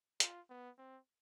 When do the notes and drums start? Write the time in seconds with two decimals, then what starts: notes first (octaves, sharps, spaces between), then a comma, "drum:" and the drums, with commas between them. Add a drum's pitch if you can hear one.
0.20 F4, drum: hi-hat
0.50 B3
0.78 C4